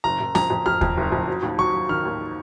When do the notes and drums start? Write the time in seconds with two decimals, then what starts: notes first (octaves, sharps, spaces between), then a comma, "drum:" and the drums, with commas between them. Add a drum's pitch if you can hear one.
0.04 F#1 A#5
0.20 F#1
0.35 F2 A#5, drum: snare
0.50 F2
0.66 F2 F6
0.81 F2, drum: kick D#2
0.97 F#1
1.12 F2
1.27 F#3
1.43 D#2
1.58 F#3 C#6
1.74 F#3
1.89 D#3 F6
2.05 D#2